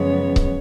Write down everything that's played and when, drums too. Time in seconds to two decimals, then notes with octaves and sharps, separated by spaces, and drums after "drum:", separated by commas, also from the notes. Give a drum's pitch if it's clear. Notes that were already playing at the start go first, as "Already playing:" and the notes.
Already playing: F#2 C#3 F3 G#3 B3 C#5
0.36 drum: kick C#1